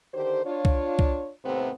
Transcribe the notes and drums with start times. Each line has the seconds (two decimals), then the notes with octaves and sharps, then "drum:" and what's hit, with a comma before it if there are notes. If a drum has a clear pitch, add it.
0.14 D3 D#3 G4 C5
0.45 D4 F4 C#5
0.65 drum: kick C2
0.99 drum: kick C2
1.44 D#2 A2 C3 B3 C4 C5